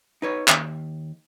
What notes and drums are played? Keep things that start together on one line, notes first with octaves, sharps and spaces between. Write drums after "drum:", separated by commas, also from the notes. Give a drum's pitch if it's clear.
D#4 B4 C#5
D#2, drum: clap